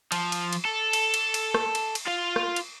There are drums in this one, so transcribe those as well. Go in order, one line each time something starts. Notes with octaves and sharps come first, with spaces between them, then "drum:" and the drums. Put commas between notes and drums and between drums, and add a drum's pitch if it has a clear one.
F3, drum: cymbal
drum: cymbal
drum: cymbal
A4
drum: cymbal
drum: cymbal
drum: cymbal
drum: rim click
drum: cymbal
drum: cymbal
F4 F5
drum: rim click
drum: cymbal